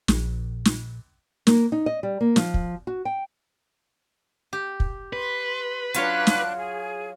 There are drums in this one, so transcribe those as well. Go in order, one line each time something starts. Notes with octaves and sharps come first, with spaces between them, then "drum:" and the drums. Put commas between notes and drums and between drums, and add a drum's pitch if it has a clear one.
A#1, drum: snare
drum: snare
A#3, drum: snare
D#4
D#5
G3
A#3
F3, drum: snare
drum: kick
F#4
G5
G4
drum: kick
B4 C6
F#3 D4 F4 C#5 F#6, drum: hi-hat
drum: snare
G#4